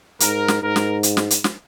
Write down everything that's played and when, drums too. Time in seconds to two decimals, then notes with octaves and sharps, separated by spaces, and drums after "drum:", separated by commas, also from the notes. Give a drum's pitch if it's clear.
0.20 G#2 A#4, drum: hi-hat
0.48 drum: snare
0.62 G#2 A#4
0.76 drum: snare
1.03 drum: hi-hat
1.17 drum: snare
1.30 drum: hi-hat
1.44 drum: snare